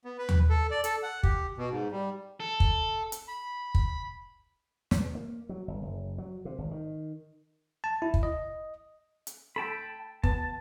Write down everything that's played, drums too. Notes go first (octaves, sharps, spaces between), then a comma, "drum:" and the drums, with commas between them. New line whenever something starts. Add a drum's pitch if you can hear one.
B3
B4
drum: tom D#2
A4
D5
A4, drum: hi-hat
F#5
G4, drum: kick
B2
G#2
G3
A4
drum: kick
drum: hi-hat
B5
drum: kick
E2, drum: snare
A#3
F#3
G1
F#1
F#3
C3
G#1
D#3
A5
E4
drum: kick
D#5
drum: hi-hat
A4 G5 A5 B5
B3 A5, drum: kick